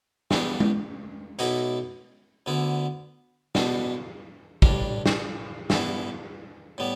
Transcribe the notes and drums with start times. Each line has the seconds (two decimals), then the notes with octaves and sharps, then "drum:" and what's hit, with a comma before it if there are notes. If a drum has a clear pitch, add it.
0.31 E2 E3 G3 B3 D4, drum: snare
0.60 drum: tom G#3
1.39 B1 B2 B3 E4, drum: hi-hat
2.46 D2 D3 B3 E4
3.55 B2 B3 D4, drum: snare
4.62 A1 G2 G3 D4, drum: kick
5.06 drum: snare
5.70 G2 E3 B3 E4, drum: snare
6.78 A2 G3 B3